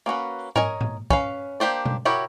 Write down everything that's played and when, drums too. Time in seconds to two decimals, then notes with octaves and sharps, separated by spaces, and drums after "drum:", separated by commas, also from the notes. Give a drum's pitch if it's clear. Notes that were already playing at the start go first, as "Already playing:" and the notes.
0.06 A#3 C#4 F#4 B4
0.56 A#4 C#5 D#5 G#5, drum: tom G#2
0.81 drum: tom G#2
1.10 C#4 B4 F5, drum: kick
1.60 A#3 D4 G4 C5 D5
1.86 drum: tom B2
2.05 E4 F#4 G4 A#4 C#5